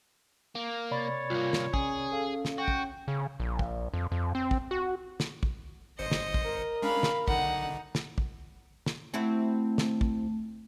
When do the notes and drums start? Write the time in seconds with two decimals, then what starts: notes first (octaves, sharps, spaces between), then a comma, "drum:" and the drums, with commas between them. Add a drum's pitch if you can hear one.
0.55 A#3
0.91 C3 C#5 D5 B5 A6
1.30 C2 A#3 F4
1.53 drum: snare
1.74 C#4 G#4, drum: kick
2.12 A4 F5
2.45 drum: snare
2.58 F#4 G5
2.68 drum: kick
3.08 C#3
3.40 A#1
3.59 drum: kick
3.94 F2
4.12 F2
4.35 C4
4.51 drum: kick
4.71 F#4
5.20 drum: snare
5.43 drum: kick
5.99 G1 C5 D#5 C#7
6.11 drum: snare
6.34 drum: kick
6.44 A#4
6.82 G#3 C#4 D4 F5 B5
7.03 drum: snare
7.28 B1 D3 D#4 F#5, drum: kick
7.95 drum: snare
8.18 drum: kick
8.86 drum: snare
9.14 A3 C4 E4 F#4
9.78 drum: snare
10.01 drum: kick